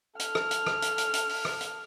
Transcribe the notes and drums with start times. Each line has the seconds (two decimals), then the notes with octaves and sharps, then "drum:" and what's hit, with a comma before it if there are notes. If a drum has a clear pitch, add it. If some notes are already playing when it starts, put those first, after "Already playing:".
0.19 A4 F6, drum: hi-hat
0.35 drum: rim click
0.51 drum: hi-hat
0.67 drum: rim click
0.82 drum: hi-hat
0.98 drum: hi-hat
1.14 drum: hi-hat
1.29 drum: open hi-hat
1.45 drum: rim click
1.61 drum: hi-hat